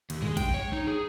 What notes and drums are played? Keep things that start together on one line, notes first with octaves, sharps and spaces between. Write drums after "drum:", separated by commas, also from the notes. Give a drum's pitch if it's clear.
D#2, drum: cymbal
G#3, drum: tom G2
G5, drum: kick A1, cymbal
C#5
D#4
G#4